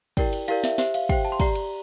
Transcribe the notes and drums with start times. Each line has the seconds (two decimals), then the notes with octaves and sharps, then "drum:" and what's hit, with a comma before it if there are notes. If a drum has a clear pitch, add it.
0.17 E4 G4 A#4 D5 G5, drum: kick, cymbal
0.33 drum: cymbal
0.48 E4 G4 A#4 D5 F5, drum: cymbal
0.64 E5, drum: snare
0.78 G4 C5 E5, drum: snare
0.94 F5, drum: cymbal
1.09 G4 C5 G5, drum: kick, cymbal
1.25 A5
1.32 C6
1.40 G4 D5 A#5, drum: kick, cymbal
1.55 drum: cymbal